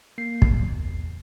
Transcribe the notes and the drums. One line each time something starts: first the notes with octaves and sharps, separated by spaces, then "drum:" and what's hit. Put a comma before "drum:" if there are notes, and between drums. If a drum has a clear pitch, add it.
A#3 C7
drum: kick
G1 E2